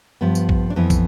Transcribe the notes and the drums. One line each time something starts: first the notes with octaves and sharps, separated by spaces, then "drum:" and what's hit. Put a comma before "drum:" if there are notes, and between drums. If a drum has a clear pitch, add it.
G2 F3 B3
drum: tambourine
drum: kick
D4
F2 E3 B3 E4
drum: kick, tambourine